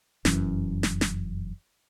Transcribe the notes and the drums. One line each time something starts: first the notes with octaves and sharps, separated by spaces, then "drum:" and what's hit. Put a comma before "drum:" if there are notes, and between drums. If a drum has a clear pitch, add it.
F1 F#2 E3 C#4, drum: snare
drum: snare
drum: snare